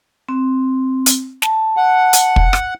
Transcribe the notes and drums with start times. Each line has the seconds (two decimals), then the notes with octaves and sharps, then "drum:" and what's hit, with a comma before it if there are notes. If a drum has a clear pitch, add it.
0.29 C4
1.06 drum: hi-hat
1.42 A5, drum: snare
1.77 F#5
2.13 drum: hi-hat
2.36 drum: kick
2.53 drum: rim click